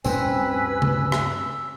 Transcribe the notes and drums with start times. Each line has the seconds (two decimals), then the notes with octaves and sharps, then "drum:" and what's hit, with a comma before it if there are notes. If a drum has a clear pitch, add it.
0.04 D2 G2 C4 C#4 B4 G#5 E6, drum: tambourine
0.82 drum: tom
1.12 drum: rim click